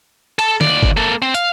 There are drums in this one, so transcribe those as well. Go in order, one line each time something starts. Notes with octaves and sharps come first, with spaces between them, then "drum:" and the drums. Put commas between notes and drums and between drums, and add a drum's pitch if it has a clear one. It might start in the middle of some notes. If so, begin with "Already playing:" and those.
A4 A5, drum: cymbal
D#2 D5, drum: tom
drum: kick
A#3 A4
C4
F5, drum: hi-hat